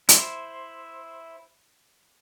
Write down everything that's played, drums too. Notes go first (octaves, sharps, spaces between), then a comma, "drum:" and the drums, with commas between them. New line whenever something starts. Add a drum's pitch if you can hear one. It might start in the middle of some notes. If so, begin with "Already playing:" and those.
E4 C5, drum: hi-hat